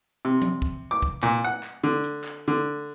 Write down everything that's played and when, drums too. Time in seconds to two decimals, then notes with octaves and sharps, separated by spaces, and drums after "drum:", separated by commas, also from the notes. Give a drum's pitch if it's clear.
0.25 C3
0.42 drum: tom F3
0.62 drum: kick
0.91 D6
1.02 drum: kick
1.23 A#2, drum: clap
1.44 F#5
1.63 drum: clap
1.83 D3
2.04 drum: hi-hat
2.24 drum: clap
2.48 D3